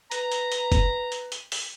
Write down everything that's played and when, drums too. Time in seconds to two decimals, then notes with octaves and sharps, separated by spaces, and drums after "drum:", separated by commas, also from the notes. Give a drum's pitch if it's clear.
0.11 B4 A#5, drum: hi-hat
0.32 drum: hi-hat
0.52 drum: hi-hat
0.72 drum: kick, hi-hat
1.12 drum: hi-hat
1.32 drum: hi-hat
1.52 drum: open hi-hat